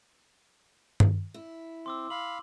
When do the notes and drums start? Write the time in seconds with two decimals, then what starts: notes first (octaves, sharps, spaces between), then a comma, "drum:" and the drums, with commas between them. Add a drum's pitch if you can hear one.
1.00 drum: tom G2
1.34 E4
1.86 C4 C6 D6 E6
2.10 F5 B5 F#7